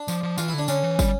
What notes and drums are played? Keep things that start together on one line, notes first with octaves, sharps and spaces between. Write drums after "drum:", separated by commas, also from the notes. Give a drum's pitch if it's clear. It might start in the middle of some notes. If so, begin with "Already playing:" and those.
Already playing: D4
F3, drum: tambourine
F3
E3 F4, drum: tambourine
E4
D3 D4
D3 C#4, drum: tambourine
E3
G3, drum: kick, tambourine